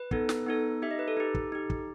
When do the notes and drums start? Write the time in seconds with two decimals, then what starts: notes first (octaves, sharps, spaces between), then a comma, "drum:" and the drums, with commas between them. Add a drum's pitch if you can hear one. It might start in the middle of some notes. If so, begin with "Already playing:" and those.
Already playing: B4
0.11 B3 D#4 A4, drum: kick
0.29 drum: snare
0.46 B3 D#4 A4
0.82 D#4 G4 E5
0.91 D#5
0.99 B4
1.08 A4
1.17 D#4 G4
1.35 drum: kick
1.52 D#4 G4
1.70 drum: kick